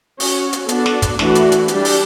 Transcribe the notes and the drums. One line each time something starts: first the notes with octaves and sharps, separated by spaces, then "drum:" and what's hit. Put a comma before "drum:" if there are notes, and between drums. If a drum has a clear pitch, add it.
C#4 F#4 C#5, drum: open hi-hat
drum: hi-hat
B3 D4 F#4 A4, drum: hi-hat
drum: snare
drum: kick, hi-hat
E3 A3 D4 F#4, drum: snare
drum: hi-hat
drum: hi-hat
G3 D4 G4, drum: hi-hat
drum: open hi-hat